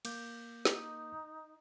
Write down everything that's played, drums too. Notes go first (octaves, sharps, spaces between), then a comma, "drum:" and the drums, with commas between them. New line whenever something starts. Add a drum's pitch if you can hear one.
A#3 D6 G6, drum: cymbal
D#4, drum: snare